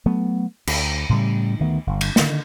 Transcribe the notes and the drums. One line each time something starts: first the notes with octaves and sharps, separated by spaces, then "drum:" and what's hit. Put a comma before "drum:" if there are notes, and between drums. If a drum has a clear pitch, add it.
F#3 A3 B3
D2, drum: cymbal
A2 C#3 G3
D2 D#3 A3 B3
G1
drum: cymbal
D3 D#3, drum: snare